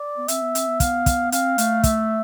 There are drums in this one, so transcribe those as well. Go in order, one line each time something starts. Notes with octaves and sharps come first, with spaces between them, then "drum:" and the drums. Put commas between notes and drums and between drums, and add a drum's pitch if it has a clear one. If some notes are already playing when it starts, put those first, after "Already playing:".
Already playing: D5
B3
C4 E5, drum: hi-hat
B3
C4, drum: hi-hat
B3
B3 F5, drum: kick, hi-hat
drum: kick, hi-hat
C4 F5, drum: hi-hat
A3, drum: hi-hat
E5, drum: kick, hi-hat